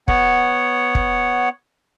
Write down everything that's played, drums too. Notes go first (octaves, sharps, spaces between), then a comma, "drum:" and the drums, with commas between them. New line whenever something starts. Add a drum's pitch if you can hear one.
B3 C#5 F#5, drum: kick
drum: kick